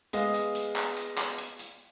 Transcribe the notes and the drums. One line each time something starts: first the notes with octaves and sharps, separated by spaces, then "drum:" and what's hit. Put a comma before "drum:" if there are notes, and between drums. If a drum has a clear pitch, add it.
G#3 B3 D#5 F5, drum: hi-hat
drum: hi-hat
drum: hi-hat
drum: clap
drum: hi-hat
drum: clap
drum: hi-hat
drum: hi-hat